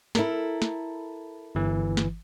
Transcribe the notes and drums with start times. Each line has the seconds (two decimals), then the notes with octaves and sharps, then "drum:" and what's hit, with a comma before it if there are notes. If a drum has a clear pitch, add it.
0.15 E4 A4 A#4, drum: snare
0.62 drum: snare
1.55 G1 E3
1.97 drum: snare